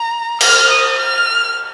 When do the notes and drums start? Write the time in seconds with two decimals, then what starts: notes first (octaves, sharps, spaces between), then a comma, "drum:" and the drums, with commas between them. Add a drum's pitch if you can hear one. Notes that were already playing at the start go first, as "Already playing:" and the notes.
Already playing: A#5
0.40 F6, drum: cymbal
0.70 D#6
0.98 F6